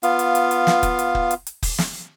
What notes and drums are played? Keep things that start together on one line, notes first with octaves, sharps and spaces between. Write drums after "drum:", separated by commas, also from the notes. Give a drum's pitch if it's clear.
B3 F4 F5, drum: hi-hat
drum: hi-hat
drum: hi-hat
drum: hi-hat
drum: snare
drum: kick, hi-hat
drum: hi-hat
drum: kick
drum: hi-hat
drum: hi-hat
drum: kick, open hi-hat
drum: snare